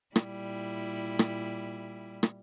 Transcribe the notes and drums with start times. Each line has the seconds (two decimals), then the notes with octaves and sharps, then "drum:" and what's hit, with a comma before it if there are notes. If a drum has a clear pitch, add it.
0.16 A#2 G3 E4, drum: rim click
1.19 drum: rim click
2.23 drum: rim click